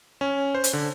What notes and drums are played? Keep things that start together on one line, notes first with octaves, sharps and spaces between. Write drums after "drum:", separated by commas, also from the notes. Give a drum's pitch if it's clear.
C#4
C5
drum: hi-hat
D3